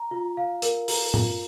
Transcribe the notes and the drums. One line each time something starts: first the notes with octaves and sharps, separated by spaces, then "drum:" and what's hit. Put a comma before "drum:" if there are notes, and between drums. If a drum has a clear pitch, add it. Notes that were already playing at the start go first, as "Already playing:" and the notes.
Already playing: A#5
F4
F5
A#4, drum: hi-hat
A#5, drum: open hi-hat
F4, drum: tom A2